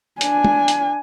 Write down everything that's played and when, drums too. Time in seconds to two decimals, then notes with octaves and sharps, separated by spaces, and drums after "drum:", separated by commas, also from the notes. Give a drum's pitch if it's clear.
0.21 D4 G#5, drum: hi-hat
0.45 drum: tom
0.68 drum: hi-hat